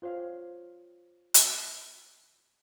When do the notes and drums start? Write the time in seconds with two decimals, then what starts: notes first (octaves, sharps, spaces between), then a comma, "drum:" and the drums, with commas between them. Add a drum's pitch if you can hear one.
0.02 F4 C5 C#5 F5
1.34 drum: hi-hat